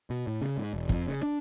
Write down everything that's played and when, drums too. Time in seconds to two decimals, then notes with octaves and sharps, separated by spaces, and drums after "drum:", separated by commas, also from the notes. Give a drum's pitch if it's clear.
0.10 B2
0.27 A2
0.42 C#3
0.57 G#2
0.74 E1
0.89 F2, drum: kick
1.08 C#3
1.23 D4